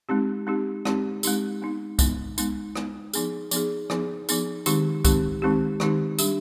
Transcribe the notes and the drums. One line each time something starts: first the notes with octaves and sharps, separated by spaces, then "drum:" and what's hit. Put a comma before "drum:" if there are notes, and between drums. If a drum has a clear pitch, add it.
G#3 C4 D#4 G4
G#3 C4 D#4 G4
G#3 C4 D#4 G4, drum: rim click
G#3 C4 D#4 G4, drum: tambourine
G#3 B3 D#4
G#3 B3 D#4, drum: kick C2, tambourine
G#3 B3 D#4, drum: tambourine
G#3 B3 D#4, drum: rim click
F3 B3 D#4 G#4, drum: tambourine
F3 B3 D#4 G#4, drum: tambourine
F3 B3 D#4 G#4, drum: rim click
F3 B3 D#4 G#4, drum: tambourine
D#3 G#3 C4 D#4 G4, drum: tambourine
D#3 G#3 C4 D#4 G4, drum: kick C2, tambourine
D#3 G#3 C4 D#4 G4
D#3 G#3 C4 D#4 G4, drum: rim click
G3 D4 G4, drum: tambourine